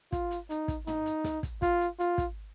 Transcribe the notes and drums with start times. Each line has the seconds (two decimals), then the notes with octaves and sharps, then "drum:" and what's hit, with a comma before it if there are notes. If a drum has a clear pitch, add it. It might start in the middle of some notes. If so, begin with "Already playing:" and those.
0.12 F4, drum: kick, hi-hat
0.31 drum: hi-hat
0.50 D#4, drum: hi-hat
0.68 drum: kick, hi-hat
0.87 D#4, drum: tom
1.06 drum: hi-hat
1.24 drum: snare
1.43 drum: kick, hi-hat
1.62 F4, drum: kick, hi-hat
1.80 drum: hi-hat
1.99 F4, drum: hi-hat
2.18 drum: kick, hi-hat